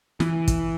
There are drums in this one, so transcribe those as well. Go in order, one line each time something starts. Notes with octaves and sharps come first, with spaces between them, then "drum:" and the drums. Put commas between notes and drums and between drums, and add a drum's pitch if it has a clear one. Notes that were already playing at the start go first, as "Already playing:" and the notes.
E3, drum: snare
drum: kick, hi-hat